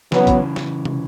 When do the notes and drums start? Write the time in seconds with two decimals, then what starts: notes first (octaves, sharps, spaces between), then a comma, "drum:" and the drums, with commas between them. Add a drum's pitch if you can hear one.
0.12 C#3 E3 F#3 B3 C#4, drum: snare
0.27 drum: kick, hi-hat
0.56 drum: snare
0.85 drum: tom